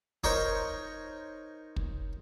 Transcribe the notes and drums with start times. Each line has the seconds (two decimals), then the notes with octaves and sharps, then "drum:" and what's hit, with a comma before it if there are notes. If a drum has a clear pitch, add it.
0.24 D#4 A#4 C5 C#5 C#6, drum: kick
1.76 drum: kick